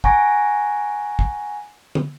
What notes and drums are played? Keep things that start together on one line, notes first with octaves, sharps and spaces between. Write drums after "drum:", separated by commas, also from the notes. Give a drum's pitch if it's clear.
F#5 G#5 A#5 C#6 A#6 D7, drum: kick
drum: kick
drum: tom